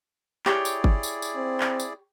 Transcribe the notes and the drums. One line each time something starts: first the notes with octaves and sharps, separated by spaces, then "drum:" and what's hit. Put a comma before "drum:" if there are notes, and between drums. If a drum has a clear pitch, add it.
E4 G4 G#4 C#5 D5, drum: clap
drum: tambourine
drum: kick G1
drum: tambourine
drum: tambourine
C4
drum: clap
drum: tambourine